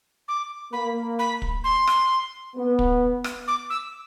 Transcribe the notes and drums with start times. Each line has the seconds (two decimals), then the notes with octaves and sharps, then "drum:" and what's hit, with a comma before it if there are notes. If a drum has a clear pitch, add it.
0.28 D6
0.73 A#3 B5
1.19 B5
1.42 drum: kick
1.64 C6
1.87 drum: rim click
2.56 B3
2.79 drum: kick
3.24 drum: rim click
3.48 D6
3.70 E6